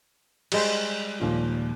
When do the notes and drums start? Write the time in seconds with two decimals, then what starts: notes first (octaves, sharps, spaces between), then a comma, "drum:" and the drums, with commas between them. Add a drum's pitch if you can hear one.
0.52 G3 G#3 C5, drum: cymbal
1.20 D#2 A#2 F3